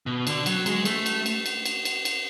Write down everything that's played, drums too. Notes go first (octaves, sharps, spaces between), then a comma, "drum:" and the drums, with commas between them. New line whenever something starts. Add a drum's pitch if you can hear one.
B2
D3, drum: cymbal
F#3, drum: cymbal
G#3, drum: cymbal
A3, drum: cymbal
drum: cymbal
drum: cymbal
drum: cymbal
drum: cymbal
drum: cymbal
drum: cymbal